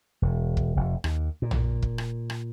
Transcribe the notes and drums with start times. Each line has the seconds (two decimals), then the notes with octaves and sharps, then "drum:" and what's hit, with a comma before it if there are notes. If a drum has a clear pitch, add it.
0.22 E1
0.57 drum: kick
0.76 F1
1.04 D#2, drum: rim click
1.42 A#2
1.51 drum: tom A#1
1.83 drum: kick
1.98 drum: rim click
2.30 drum: rim click